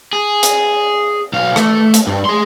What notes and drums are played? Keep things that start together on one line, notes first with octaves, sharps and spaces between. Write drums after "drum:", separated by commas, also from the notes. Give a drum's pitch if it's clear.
G#4
drum: hi-hat
B1 F5
A3, drum: rim click
drum: hi-hat
G2
G#4 C6